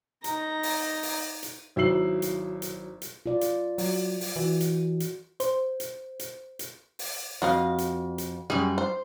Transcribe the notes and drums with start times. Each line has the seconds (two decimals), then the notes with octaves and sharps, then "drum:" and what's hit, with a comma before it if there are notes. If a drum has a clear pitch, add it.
0.24 D#4 A#5, drum: hi-hat
0.63 drum: open hi-hat
1.03 drum: open hi-hat
1.43 drum: hi-hat
1.76 G#1 F#3 E4 E6 C7 F#7
2.22 drum: hi-hat
2.62 drum: hi-hat
3.02 drum: hi-hat
3.26 F4 D5
3.41 drum: hi-hat
3.78 F#3, drum: open hi-hat
4.21 drum: open hi-hat
4.36 E3 F#4
4.61 drum: hi-hat
5.00 drum: hi-hat
5.40 C5, drum: hi-hat
5.80 drum: hi-hat
6.19 drum: hi-hat
6.59 drum: hi-hat
6.99 drum: open hi-hat
7.42 F2 F#4 D#5 F5
7.78 drum: hi-hat
8.18 drum: hi-hat
8.50 F#2 G3 G#4
8.78 C5